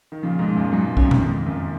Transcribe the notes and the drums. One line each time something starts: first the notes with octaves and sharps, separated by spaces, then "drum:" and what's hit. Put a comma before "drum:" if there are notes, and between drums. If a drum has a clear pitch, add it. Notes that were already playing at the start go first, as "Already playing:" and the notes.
D#3
A#2 C#3 F3
G#2 B2
G#3
F#2 A#2
G#2 B2 F#3
F#2 C#4, drum: kick
F2
F#2, drum: tom B2
F2 G#2 D#3
F#2 A#2 D#3